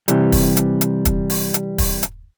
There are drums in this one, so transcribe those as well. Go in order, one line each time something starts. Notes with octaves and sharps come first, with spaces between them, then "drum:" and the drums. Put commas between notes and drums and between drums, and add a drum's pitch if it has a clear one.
C3 E3 G3, drum: hi-hat
drum: kick, open hi-hat
drum: hi-hat
drum: hi-hat
drum: kick, hi-hat
drum: open hi-hat
drum: hi-hat
drum: kick, open hi-hat
drum: hi-hat